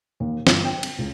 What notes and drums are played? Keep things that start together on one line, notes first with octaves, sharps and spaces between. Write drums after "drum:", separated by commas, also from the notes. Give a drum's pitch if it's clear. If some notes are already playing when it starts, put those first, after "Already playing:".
D#2
G1, drum: snare
G5
drum: cymbal
C#2